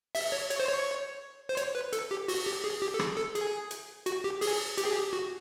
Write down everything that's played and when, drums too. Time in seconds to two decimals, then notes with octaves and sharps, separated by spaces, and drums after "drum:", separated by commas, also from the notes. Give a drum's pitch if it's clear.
0.15 E5, drum: open hi-hat
0.32 C#5
0.50 C#5, drum: hi-hat
0.60 C5
0.68 C#5
1.49 C5
1.57 C#5, drum: hi-hat
1.75 B4
1.93 A4, drum: hi-hat
2.11 G4
2.28 F#4, drum: open hi-hat
2.46 G4
2.64 G#4
2.82 G4
2.94 A4
2.99 G#4, drum: rim click
3.17 A4
3.35 G#4, drum: hi-hat
3.71 drum: hi-hat
4.06 F#4, drum: hi-hat
4.24 G4
4.41 G#4, drum: open hi-hat
4.78 G4, drum: hi-hat
4.85 G#4
4.93 G4
5.13 F#4